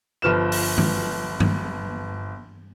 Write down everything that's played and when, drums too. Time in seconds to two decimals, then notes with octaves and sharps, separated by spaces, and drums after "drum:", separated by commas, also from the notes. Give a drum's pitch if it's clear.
0.22 G1 F3 B4 F6 E7
0.52 drum: open hi-hat
0.78 drum: tom
1.40 drum: tom